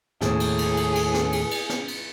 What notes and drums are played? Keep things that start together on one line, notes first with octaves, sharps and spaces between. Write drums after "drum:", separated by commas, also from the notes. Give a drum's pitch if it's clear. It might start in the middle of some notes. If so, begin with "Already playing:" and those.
D#2 A2 G#4, drum: snare
drum: cymbal
drum: cymbal
drum: cymbal
drum: cymbal
drum: snare
drum: cymbal
drum: cymbal
drum: snare
drum: cymbal